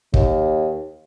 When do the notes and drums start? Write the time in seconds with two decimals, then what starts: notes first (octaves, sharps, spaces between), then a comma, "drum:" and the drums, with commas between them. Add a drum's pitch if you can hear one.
0.14 D#2, drum: kick